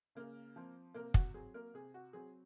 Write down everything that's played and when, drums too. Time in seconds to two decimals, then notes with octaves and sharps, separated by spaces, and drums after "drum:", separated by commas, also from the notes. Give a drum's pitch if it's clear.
0.15 C#3 A#3 A#4
0.56 F3 C4
0.95 C3 A#3 A#4
1.14 F#4, drum: kick
1.34 F#3 C4 G#4
1.54 A#3 A#4
1.74 C3 G#4
1.94 F#4
2.13 F#3 C4 G#4